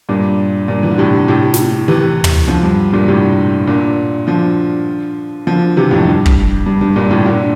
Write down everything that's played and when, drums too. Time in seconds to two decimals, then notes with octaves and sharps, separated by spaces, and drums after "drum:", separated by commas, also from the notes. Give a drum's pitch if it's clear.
0.09 G2 A#2
0.68 G2 A#2
0.83 E3
0.91 D3
0.98 A2 C3
1.28 A2 C3
1.54 drum: snare
1.88 C3 E3
2.24 drum: tom
2.48 D3 F3
2.63 G2
2.93 G2 A#2
3.08 A2 C3
3.67 A#2 D3
4.27 D3 F3
5.47 D3 F3
5.77 C3 E3
5.91 F2 A2
6.07 G2
6.26 drum: kick
6.66 G2
6.81 G2
6.96 G2 A#2
7.11 A2 C3
7.26 A#2 D3